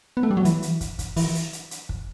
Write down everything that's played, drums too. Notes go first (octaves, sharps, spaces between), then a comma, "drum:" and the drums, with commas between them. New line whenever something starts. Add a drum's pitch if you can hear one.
B3
A3
G3
F#3
E3, drum: hi-hat
drum: hi-hat
drum: kick, hi-hat
drum: kick, hi-hat
E3, drum: open hi-hat
drum: hi-hat
drum: hi-hat
drum: hi-hat
drum: kick